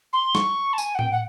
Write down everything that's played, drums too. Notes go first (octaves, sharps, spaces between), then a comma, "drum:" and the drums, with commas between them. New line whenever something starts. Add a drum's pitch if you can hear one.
C6
C#6, drum: snare
A5
G#5, drum: tambourine
F#5
G5, drum: tom A2
F#5